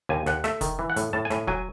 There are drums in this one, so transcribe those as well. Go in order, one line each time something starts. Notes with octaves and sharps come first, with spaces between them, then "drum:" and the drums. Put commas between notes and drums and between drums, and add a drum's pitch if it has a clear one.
D#2 G#5
D#2 F#5, drum: snare
A3 E5, drum: snare
D#3, drum: kick, hi-hat
E3
F#5
A2, drum: hi-hat
A2 A5
G#5
A2, drum: snare
F#3 G#5, drum: kick